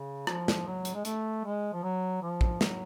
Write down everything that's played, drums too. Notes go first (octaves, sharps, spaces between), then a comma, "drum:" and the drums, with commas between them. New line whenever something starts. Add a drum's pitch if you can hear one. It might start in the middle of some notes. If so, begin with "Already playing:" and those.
Already playing: C#3
F3, drum: rim click
drum: snare
F#3
drum: hi-hat
G#3
A3, drum: hi-hat
G#3
F3
F#3
F3
drum: kick
F#3, drum: snare